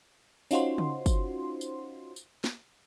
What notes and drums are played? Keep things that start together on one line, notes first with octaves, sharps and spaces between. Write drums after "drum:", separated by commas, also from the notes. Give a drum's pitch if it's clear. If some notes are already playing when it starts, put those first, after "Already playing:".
C#4 D#4 F4 F#4 C5 C6, drum: tambourine
drum: tom C#3
drum: kick, tambourine
drum: tambourine
drum: tambourine
drum: snare